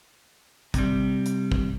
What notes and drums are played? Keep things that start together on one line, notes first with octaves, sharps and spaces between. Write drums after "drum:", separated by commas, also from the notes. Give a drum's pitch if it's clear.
C3 G3, drum: kick, hi-hat
drum: hi-hat
drum: kick